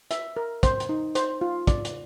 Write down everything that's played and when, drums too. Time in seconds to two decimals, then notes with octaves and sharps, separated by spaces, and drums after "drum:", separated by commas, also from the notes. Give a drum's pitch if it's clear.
0.11 E5, drum: hi-hat
0.37 A#4
0.63 C5, drum: kick, hi-hat
0.80 drum: hi-hat
0.89 D#4
1.15 C5, drum: hi-hat
1.41 F4
1.67 D5, drum: kick, hi-hat
1.85 drum: hi-hat